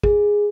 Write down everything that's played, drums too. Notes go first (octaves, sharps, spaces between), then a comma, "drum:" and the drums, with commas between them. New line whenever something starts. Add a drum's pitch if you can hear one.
G#4, drum: kick